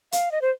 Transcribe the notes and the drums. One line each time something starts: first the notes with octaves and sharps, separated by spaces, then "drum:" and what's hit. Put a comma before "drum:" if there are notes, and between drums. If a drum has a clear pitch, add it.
F5, drum: hi-hat
D#5
C5